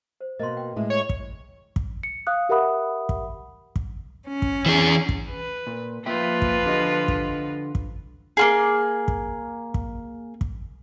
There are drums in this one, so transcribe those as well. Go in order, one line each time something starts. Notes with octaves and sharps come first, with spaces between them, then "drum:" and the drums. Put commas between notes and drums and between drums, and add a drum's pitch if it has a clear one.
C5
B2 A#3 D#5 C6
G5
A2 G#3 E4
C#5
drum: kick
drum: kick
C#7
F5 D#6 F#6
G4 A#4 E5 F#5 B5 D#6
drum: kick
drum: kick
C#4
drum: kick
E3 G#4
drum: kick
B4
A#2
F3 A#3 F4 B4 E5 G5
drum: kick
D3 G4 D#5
drum: kick
drum: kick
A#3 F4 G#4
drum: kick
drum: kick
drum: kick